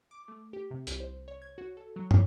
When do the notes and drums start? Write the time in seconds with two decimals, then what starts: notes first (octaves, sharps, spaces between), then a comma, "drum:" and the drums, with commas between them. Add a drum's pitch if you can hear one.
0.11 D6
0.28 A3
0.53 G4
0.71 C3
0.87 C2, drum: hi-hat
1.00 C5
1.28 C#5
1.42 G#6
1.58 F#4
1.77 A4
1.96 F#3
2.11 C#5, drum: tom